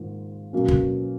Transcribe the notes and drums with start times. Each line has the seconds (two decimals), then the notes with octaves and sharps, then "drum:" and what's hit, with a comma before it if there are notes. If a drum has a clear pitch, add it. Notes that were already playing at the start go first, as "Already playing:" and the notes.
Already playing: G#2 D#3 A#3 F4
0.53 B2 F#3 A#3 C#4
0.68 drum: kick